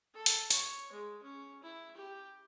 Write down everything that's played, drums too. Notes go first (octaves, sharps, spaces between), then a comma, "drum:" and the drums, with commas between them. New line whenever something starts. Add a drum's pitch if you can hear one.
A4
drum: hi-hat
C#5, drum: hi-hat
G#3
C#4
E4
G4